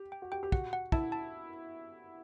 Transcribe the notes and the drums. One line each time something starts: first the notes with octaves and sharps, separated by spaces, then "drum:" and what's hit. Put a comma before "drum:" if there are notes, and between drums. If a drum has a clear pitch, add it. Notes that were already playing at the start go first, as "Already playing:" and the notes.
Already playing: G4
G5
F#4
G4 G5
G4
F#4 F#5, drum: kick
F#5
E4 A5, drum: kick
A5